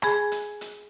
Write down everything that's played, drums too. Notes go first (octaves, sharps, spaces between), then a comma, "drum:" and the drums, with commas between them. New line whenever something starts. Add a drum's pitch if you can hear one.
G#4 G#5 B5, drum: rim click
drum: hi-hat
drum: hi-hat